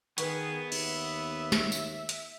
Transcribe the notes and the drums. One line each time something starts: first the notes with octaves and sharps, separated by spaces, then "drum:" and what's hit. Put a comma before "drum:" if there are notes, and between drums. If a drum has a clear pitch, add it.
D#3 B3 G#4 A#4 B4 C#6, drum: hi-hat
D#2 E5, drum: cymbal
drum: snare
drum: tambourine
drum: hi-hat